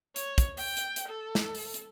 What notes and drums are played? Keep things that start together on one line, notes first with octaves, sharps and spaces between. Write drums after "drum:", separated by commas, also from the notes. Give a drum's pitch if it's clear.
C#5, drum: hi-hat
drum: kick, hi-hat
G5, drum: open hi-hat
drum: hi-hat
drum: hi-hat
A4
drum: snare
drum: open hi-hat
drum: hi-hat